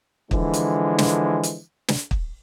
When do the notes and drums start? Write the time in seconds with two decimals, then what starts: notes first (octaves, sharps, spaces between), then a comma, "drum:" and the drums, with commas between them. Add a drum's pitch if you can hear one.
0.31 D3 E3 F3 G#3, drum: kick
0.54 drum: hi-hat
0.98 drum: snare
1.43 drum: hi-hat
1.88 drum: snare
2.11 drum: kick